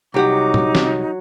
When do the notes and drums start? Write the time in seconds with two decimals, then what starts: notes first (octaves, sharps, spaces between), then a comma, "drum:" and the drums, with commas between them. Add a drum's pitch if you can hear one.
0.14 C2 F#3 D#4 G4 F#5 D6
0.54 drum: tom
0.75 drum: snare